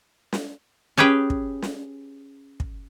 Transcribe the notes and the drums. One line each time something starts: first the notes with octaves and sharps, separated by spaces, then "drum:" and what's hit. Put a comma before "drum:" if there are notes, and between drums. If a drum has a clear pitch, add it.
drum: snare
C#4 G4 G#4 B4 G5
drum: kick
drum: snare
drum: kick